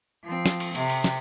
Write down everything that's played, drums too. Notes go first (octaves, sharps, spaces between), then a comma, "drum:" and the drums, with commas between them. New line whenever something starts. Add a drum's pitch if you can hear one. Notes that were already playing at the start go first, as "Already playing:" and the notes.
F3 C4
drum: snare
drum: cymbal
C3, drum: cymbal
drum: cymbal
drum: snare